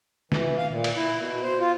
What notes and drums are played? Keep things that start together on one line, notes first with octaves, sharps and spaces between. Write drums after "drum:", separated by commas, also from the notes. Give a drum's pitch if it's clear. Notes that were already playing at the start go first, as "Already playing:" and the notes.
E3, drum: snare
F5
A#2
drum: cymbal
E4
B2
C5
F4